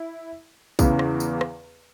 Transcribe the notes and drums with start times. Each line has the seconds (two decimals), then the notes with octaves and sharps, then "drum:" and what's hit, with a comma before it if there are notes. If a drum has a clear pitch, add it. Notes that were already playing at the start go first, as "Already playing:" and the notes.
Already playing: E4
0.79 E2 C#3 E3, drum: kick, tambourine
0.99 drum: rim click
1.20 drum: tambourine
1.41 drum: rim click